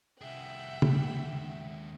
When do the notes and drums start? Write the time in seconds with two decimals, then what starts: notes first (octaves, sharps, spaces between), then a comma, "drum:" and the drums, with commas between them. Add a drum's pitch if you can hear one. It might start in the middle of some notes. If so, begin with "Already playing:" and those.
0.21 C2 G#4 E5 F#5 G5
0.82 D#2 G#3, drum: tom C#3